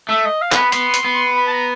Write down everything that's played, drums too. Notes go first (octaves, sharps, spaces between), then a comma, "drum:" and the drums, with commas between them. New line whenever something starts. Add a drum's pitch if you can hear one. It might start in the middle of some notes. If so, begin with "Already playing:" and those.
A3 E5
D#5
F5
B3 B5, drum: clap
B3 C6, drum: hi-hat
drum: hi-hat
B3
B5
A5
A#5